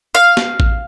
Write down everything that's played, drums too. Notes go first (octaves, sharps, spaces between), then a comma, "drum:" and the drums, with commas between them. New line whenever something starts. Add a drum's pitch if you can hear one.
F5
drum: snare
drum: kick A1